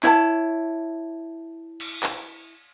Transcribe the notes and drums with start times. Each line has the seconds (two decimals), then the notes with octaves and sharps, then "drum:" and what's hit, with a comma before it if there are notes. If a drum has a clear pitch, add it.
0.03 E4 C#5 A5, drum: clap
1.80 drum: cymbal
2.03 drum: clap